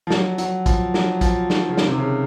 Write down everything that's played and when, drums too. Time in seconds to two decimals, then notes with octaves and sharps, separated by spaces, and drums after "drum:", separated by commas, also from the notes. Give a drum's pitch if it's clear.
0.07 F3
0.11 F#3, drum: snare
0.38 F#3, drum: hi-hat
0.66 F3, drum: kick, hi-hat
0.94 F#3, drum: snare
1.21 F3, drum: kick, hi-hat
1.50 D#3, drum: snare
1.69 C#3
1.77 D#3, drum: snare
1.88 C3
1.98 C#3